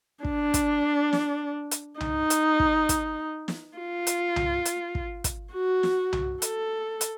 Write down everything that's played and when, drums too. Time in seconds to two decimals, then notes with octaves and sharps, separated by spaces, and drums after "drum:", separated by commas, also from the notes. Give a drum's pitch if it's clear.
0.25 D4, drum: kick
0.54 drum: kick, hi-hat
1.13 drum: snare
1.71 drum: hi-hat
2.00 D#4, drum: tom C2
2.30 drum: hi-hat
2.60 drum: kick
2.89 drum: kick, hi-hat
3.48 drum: snare
3.78 F4
4.07 drum: hi-hat
4.36 drum: tom C2
4.66 drum: hi-hat
4.95 drum: kick
5.24 drum: kick, hi-hat
5.54 F#4
5.83 drum: snare
6.13 drum: tom C2
6.42 A4, drum: hi-hat
7.01 drum: hi-hat